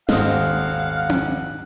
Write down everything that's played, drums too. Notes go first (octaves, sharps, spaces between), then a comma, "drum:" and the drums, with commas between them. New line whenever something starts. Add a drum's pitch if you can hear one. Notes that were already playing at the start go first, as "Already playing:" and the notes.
D#1 G#1 C4 D#5 F5 F#5, drum: snare
drum: tom C4